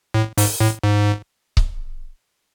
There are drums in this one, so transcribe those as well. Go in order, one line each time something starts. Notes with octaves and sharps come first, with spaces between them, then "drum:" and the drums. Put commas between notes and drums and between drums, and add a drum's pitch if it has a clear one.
A2
G#2, drum: open hi-hat
A2
G#2
drum: kick C#1